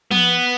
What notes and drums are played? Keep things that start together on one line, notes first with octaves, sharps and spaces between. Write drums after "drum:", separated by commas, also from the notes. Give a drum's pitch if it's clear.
B3, drum: tom F3